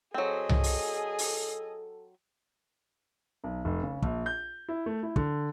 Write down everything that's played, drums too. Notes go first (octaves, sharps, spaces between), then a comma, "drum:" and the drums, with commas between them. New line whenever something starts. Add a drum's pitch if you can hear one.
F#3 C4 G#4 A4 D#5
drum: tom C2
drum: open hi-hat
drum: open hi-hat
B1
F1
C#3
A#1, drum: kick
G6
E4
A3
E4
D3, drum: kick